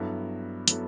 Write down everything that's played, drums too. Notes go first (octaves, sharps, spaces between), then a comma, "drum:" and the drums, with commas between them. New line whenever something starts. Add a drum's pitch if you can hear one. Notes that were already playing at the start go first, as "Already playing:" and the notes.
Already playing: G2 F#3 B3 E4 A4
F#3 B3 E4 A4, drum: hi-hat